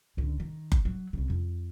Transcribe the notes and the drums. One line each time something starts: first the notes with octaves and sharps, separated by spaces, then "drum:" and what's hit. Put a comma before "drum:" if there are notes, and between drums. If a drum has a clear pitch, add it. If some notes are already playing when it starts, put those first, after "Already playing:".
C#2 D3
D#3
drum: kick F#1
F#3
C2 C#3
F2